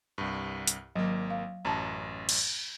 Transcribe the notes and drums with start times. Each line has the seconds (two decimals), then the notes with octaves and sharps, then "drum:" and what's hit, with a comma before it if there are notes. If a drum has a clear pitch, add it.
0.18 C2 G2
0.67 drum: hi-hat
0.96 G#1 F#3 A#3
1.30 F5
1.65 A1 F#2 A5 A#5
2.29 drum: cymbal